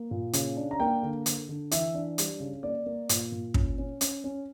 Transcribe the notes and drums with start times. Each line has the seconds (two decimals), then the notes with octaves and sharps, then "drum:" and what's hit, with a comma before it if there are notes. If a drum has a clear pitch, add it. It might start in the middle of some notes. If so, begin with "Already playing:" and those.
Already playing: A#3
0.11 A#2
0.33 C#3, drum: hi-hat
0.57 D4
0.71 A#5
0.80 A#3 G5
1.03 D3
1.26 D3, drum: hi-hat
1.49 D3
1.71 E3 E5, drum: hi-hat
1.95 D4
2.18 G3, drum: hi-hat
2.40 C#3
2.63 A#3 D5
2.86 A#3
3.09 A#2, drum: hi-hat
3.32 A#2
3.54 C#4, drum: kick
3.78 C#4
4.01 C#4, drum: hi-hat
4.24 C#4